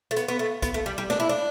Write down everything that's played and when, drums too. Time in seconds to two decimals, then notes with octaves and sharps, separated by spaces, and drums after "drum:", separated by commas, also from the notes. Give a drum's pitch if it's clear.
0.11 A3
0.17 B3, drum: hi-hat
0.28 B3
0.39 A3
0.62 B3, drum: kick, hi-hat
0.74 A3
0.86 G3
0.98 G3
1.10 D4, drum: snare
1.20 E4
1.29 D4